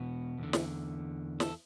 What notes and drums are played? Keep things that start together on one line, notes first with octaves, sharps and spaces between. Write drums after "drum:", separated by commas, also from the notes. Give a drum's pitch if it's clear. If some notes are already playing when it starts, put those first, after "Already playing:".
Already playing: E2 B2 B3
E2 D3
drum: snare
A4, drum: snare